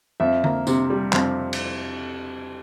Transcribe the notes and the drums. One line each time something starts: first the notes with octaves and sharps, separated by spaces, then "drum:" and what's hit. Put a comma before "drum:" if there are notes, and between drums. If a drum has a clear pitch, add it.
F2 E5
A#3, drum: tom D3
C3, drum: tambourine
G3
F2, drum: clap
drum: cymbal